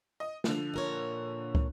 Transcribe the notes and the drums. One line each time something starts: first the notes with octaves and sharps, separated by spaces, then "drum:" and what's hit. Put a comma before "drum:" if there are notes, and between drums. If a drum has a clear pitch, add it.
D#5
D3 F3, drum: snare
A#2 A#4 C#5
drum: kick